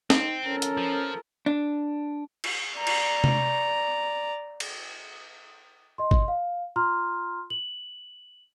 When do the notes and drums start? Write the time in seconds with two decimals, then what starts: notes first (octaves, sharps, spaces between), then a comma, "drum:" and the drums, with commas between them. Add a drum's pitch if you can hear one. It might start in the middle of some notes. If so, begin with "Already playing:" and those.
0.10 C4 D#4, drum: snare
0.46 C#4 A4 A#4
0.62 drum: hi-hat
0.77 F3
1.46 D4
2.44 drum: cymbal
2.76 D5 A#5
2.87 drum: cymbal
3.24 drum: tom C3
4.60 drum: cymbal
5.98 D#5 C6
6.11 drum: kick
6.28 F5
6.76 F4 A#5 C6 F6
7.50 F#7